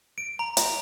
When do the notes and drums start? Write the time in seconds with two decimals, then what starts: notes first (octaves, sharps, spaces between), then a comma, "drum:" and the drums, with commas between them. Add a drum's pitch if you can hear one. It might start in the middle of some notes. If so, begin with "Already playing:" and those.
0.18 D7
0.39 A#5
0.57 drum: hi-hat